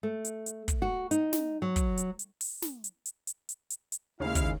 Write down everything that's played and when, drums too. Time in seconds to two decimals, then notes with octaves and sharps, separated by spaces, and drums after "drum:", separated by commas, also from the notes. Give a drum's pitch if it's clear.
0.03 A3
0.25 drum: hi-hat
0.46 drum: hi-hat
0.68 drum: kick, hi-hat
0.82 F#4
1.11 D#4, drum: hi-hat
1.33 drum: snare
1.62 F#3
1.76 drum: kick, hi-hat
1.97 drum: hi-hat
2.19 drum: hi-hat
2.41 drum: open hi-hat
2.62 drum: snare
2.84 drum: hi-hat
3.06 drum: hi-hat
3.27 drum: hi-hat
3.49 drum: hi-hat
3.70 drum: hi-hat
3.92 drum: hi-hat
4.20 D#2 C#3 G#3 E4 F5
4.35 drum: kick, hi-hat